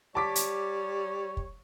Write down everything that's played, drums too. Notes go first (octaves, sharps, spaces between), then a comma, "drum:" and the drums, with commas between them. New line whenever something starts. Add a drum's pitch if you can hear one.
G3 C#5 A5 D6 B6
drum: hi-hat
drum: kick